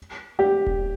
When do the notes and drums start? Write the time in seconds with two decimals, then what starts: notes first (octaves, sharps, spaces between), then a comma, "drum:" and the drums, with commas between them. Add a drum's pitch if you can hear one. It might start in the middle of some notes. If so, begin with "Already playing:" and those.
0.39 G4, drum: tom A3
0.67 drum: kick D#1